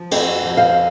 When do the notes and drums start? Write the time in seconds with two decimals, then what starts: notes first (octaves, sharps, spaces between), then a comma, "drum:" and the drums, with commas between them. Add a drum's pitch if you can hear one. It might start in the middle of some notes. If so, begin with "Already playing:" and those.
Already playing: F3
0.11 F2 G4 C5, drum: cymbal
0.46 F2
0.57 C5 F5